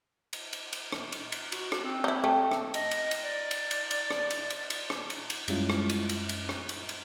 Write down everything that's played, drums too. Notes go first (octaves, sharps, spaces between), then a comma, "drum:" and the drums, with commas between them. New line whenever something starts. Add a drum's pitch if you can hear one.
drum: cymbal
drum: cymbal
drum: cymbal
drum: rim click
drum: cymbal
drum: cymbal
F#4, drum: cymbal
drum: rim click
C4
D#4 E4
A3 G5 A5
drum: rim click
D#5, drum: cymbal
drum: cymbal
drum: cymbal
D5
drum: cymbal
drum: cymbal
drum: cymbal
drum: rim click
drum: cymbal
drum: cymbal
drum: cymbal
drum: rim click
drum: cymbal
drum: cymbal
F#2 G3 G#3 C#4 E4 F4, drum: cymbal
drum: rim click
drum: cymbal
drum: cymbal
drum: cymbal
drum: rim click
drum: cymbal
drum: cymbal